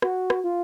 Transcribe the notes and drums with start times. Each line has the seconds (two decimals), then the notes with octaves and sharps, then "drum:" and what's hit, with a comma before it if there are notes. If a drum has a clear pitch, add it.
0.02 F#4, drum: rim click
0.30 drum: rim click
0.44 F4